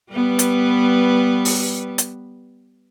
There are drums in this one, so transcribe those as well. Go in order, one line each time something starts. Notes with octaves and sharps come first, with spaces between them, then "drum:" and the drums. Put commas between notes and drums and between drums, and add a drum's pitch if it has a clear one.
G3 B3 B4
drum: hi-hat
drum: open hi-hat
drum: hi-hat